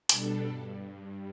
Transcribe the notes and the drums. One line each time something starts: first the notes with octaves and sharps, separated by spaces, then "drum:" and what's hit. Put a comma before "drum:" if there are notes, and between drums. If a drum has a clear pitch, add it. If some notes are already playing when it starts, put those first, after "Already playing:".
B2 G3 D4 A4, drum: hi-hat
G2